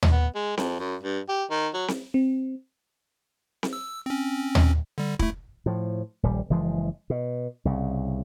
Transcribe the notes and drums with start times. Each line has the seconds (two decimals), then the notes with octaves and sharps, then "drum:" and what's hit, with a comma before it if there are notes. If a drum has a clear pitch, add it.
0.03 drum: tom D#2
0.12 B3
0.35 G#3
0.57 F2, drum: snare C4
0.80 F#2
1.03 G2
1.29 G4
1.51 D#3
1.74 F#3
1.88 drum: snare C4
2.14 C4
3.63 drum: snare C4
3.73 E6
4.06 C4 C#4
4.55 drum: tom D#2
4.98 D3 G3
5.19 A3 E4, drum: kick
5.66 A2 F3
6.23 D#1 A#1 G3
6.50 F#1 E3 F3 G#3
7.10 B2
7.65 C2 C#3